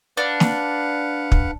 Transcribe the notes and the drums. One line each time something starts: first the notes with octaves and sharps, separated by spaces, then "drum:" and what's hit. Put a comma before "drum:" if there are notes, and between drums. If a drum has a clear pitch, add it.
D4 B4 F5 F#5
drum: snare
drum: kick